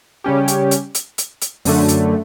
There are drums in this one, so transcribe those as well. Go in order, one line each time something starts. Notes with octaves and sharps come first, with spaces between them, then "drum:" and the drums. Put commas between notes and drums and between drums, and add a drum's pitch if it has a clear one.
C#3 G3 C#4 G4
drum: hi-hat
drum: hi-hat
drum: hi-hat
drum: hi-hat
drum: hi-hat
F#2 D3 A3, drum: open hi-hat
drum: hi-hat